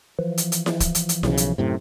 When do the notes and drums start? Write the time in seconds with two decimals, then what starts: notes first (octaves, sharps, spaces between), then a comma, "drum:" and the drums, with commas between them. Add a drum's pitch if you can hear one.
0.19 E3 F3
0.38 drum: hi-hat
0.52 drum: hi-hat
0.66 drum: snare E4
0.80 drum: kick, hi-hat
0.95 drum: hi-hat
1.09 drum: hi-hat
1.23 B1 C#3, drum: snare E4
1.37 drum: hi-hat
1.58 F#2 A2 C3